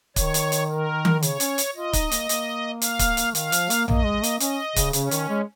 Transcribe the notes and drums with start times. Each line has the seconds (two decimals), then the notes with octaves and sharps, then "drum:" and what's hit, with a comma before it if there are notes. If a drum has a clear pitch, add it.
0.16 D#3 C#5, drum: kick C#1, hi-hat
0.34 drum: hi-hat
0.52 drum: hi-hat
0.69 A#4
1.05 drum: tom D#3
1.22 C#3 C#5, drum: hi-hat
1.40 C#4, drum: hi-hat
1.58 drum: hi-hat
1.76 F4 D#5
1.93 D#4, drum: kick C#1, hi-hat
2.11 A#3, drum: hi-hat
2.29 A#3, drum: hi-hat
2.82 F5, drum: hi-hat
2.99 drum: kick C#1, hi-hat
3.17 drum: hi-hat
3.35 D#3 F5, drum: hi-hat
3.52 F3, drum: hi-hat
3.70 A#3, drum: hi-hat
3.88 A#3 D#5, drum: tom A#1
4.05 G#3
4.23 A#3, drum: hi-hat
4.40 C#4 D#5, drum: hi-hat
4.76 C#3, drum: kick C#1, hi-hat
4.93 C#3 C#4, drum: hi-hat
5.11 D#3, drum: hi-hat
5.29 G#3